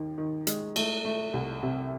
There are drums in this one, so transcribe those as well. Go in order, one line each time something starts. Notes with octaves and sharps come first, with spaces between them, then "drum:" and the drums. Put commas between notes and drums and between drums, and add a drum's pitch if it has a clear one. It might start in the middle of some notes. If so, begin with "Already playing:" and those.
Already playing: D#2 D#3
D#3
G#3, drum: hi-hat
A3, drum: cymbal
A3
C2
C3